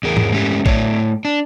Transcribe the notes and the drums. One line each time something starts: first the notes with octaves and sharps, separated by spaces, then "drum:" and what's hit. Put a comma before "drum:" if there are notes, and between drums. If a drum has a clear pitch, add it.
E2 G#4 A#4
drum: tom G#2
G#3 A3 C#4 G4
A2 A3 C#5 D5, drum: kick
D4